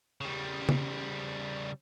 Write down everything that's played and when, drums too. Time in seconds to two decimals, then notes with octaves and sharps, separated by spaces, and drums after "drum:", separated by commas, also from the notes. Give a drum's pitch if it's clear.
0.21 C#3 G3
0.69 drum: tom